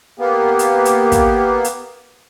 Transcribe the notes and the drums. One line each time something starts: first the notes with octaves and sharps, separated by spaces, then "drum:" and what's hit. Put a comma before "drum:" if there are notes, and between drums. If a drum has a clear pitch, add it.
A#3 B3 G4
drum: hi-hat
drum: hi-hat
drum: kick, hi-hat
drum: hi-hat